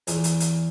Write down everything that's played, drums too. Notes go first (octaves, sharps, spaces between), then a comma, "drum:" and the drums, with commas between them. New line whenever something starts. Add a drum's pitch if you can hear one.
E2, drum: hi-hat
drum: hi-hat
drum: hi-hat